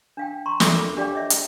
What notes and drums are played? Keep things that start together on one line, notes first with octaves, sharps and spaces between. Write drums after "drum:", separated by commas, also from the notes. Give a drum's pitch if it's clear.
D4 F5 G5
A#5 C6 C#6
D4 F4 A4 E5 B5 D6, drum: snare
F4 A#4
D4 G4 D5 F5 G5 D6
C#5 D#5 E5
drum: hi-hat